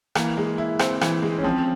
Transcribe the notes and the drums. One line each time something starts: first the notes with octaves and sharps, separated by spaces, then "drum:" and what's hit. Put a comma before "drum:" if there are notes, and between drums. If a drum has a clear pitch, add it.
E3 A#3, drum: rim click
G#3
E4
C4, drum: rim click
E3, drum: rim click
G#3
C#4
F3 C4